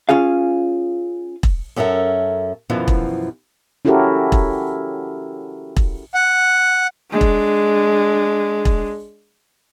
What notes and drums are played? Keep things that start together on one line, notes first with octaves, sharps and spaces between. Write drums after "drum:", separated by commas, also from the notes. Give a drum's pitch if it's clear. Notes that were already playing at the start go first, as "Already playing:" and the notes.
C#4 F4 G#4 F5
drum: kick E1
F#2 C#4 A4 A#4 E5
F#2 B2 E3 F3
drum: kick E1
C#4 E4 F#4 G4 A4 A#4
drum: kick E1
drum: kick E1
F#5
G#3 D4
drum: kick E1
drum: kick E1